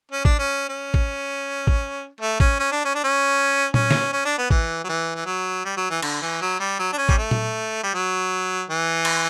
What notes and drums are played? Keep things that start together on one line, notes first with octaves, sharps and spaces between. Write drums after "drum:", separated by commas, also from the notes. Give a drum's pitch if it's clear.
C#4
D4, drum: kick
C#4
C#4
drum: kick
drum: kick
A3
C#4, drum: kick
C#4
D4
C#4
D4
C#4
C#4, drum: tom A#2
drum: snare
C#4
D4
B3
E3, drum: kick
F#3
E3
E3
F#3
G3
F#3
E3
D3, drum: cymbal
E3
F#3
G3
F#3
D4
C#4
G3, drum: kick
A3
drum: tom A#2
G3
F#3
E3
drum: cymbal